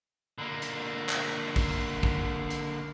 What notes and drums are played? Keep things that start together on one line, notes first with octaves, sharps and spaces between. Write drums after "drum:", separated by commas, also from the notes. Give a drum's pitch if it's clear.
D3 A#3
drum: hi-hat
drum: clap
drum: kick, open hi-hat
drum: kick
drum: hi-hat